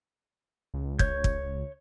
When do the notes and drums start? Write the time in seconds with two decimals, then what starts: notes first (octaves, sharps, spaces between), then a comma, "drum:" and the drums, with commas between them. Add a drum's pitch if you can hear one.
0.74 C#2
0.99 C#5 G6, drum: kick
1.24 drum: kick